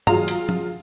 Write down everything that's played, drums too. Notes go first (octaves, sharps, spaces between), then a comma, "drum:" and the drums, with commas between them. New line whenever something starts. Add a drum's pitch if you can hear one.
F#3 F4 G#4 A#5, drum: tom G2
drum: hi-hat
drum: tom